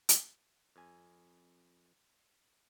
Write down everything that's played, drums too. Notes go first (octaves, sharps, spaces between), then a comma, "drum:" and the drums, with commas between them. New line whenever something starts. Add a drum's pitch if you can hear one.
drum: hi-hat
F2 G#5